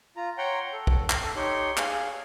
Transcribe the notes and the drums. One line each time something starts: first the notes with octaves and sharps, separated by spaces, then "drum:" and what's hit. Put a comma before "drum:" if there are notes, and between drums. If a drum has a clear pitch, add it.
F4 A#5
C#5 F#5 G5 A#5 C6
A4
drum: kick
drum: clap
A4
D#4 G4 C#5 C6
G#4 F5, drum: clap